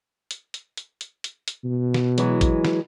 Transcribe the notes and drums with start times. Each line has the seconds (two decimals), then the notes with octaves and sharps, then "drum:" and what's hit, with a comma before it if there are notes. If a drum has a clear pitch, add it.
0.31 drum: hi-hat
0.54 drum: hi-hat
0.77 drum: hi-hat
1.01 drum: hi-hat
1.24 drum: hi-hat
1.48 drum: hi-hat
1.64 B2
1.94 drum: snare
2.18 E3 F#3 G#3, drum: hi-hat
2.41 drum: kick, hi-hat
2.65 drum: snare